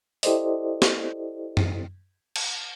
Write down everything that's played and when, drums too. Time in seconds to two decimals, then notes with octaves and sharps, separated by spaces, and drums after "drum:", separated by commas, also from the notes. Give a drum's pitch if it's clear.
0.23 E4 G4 A4 C5 D5 D#5, drum: open hi-hat
0.82 drum: snare
1.57 drum: tom F#2
2.36 drum: cymbal